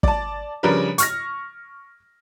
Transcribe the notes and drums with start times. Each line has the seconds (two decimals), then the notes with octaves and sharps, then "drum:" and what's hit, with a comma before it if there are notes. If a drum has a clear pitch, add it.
0.03 D5 A5, drum: kick
0.63 C#3 F3 G3 D4 A#4 B4
0.98 C#6 F6 A#6, drum: hi-hat